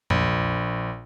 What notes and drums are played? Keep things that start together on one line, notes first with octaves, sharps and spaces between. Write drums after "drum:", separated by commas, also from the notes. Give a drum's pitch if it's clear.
A#1, drum: tom E2